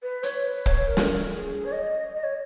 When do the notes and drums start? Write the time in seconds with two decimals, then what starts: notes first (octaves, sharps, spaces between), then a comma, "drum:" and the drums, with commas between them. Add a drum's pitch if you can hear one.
0.02 B4
0.23 C#5, drum: hi-hat
0.44 B4
0.66 C#5, drum: kick
0.87 A#4
0.97 drum: snare
1.29 G#4
1.64 C#5
1.72 D#5
2.14 D#5
2.23 C#5